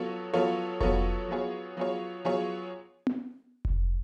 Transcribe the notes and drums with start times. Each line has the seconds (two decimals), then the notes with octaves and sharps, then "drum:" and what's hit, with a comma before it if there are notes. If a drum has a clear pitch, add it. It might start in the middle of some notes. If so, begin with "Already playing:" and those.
Already playing: F#3 B3 F4 A4 C#5
0.34 F#3 B3 F4 A4 C#5
0.81 F#3 B3 F4 A4 C#5, drum: kick F1
1.28 F#3 B3 F4 G#4 C#5
1.77 F#3 B3 F4 G#4 C#5
2.25 F#3 B3 F4 G#4 C#5
3.07 drum: tom B3
3.65 drum: kick F1